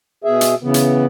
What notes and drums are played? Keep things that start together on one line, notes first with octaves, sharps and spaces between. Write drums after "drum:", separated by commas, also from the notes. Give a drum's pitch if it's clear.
B2 G#4 E5
drum: hi-hat
C#3 E3 B3
drum: hi-hat